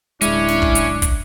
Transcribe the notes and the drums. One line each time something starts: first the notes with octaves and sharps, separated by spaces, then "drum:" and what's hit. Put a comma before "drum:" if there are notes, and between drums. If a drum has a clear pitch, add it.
D1 G#3 C#4 D4 E4, drum: hi-hat
drum: snare
drum: kick
drum: hi-hat
drum: kick, hi-hat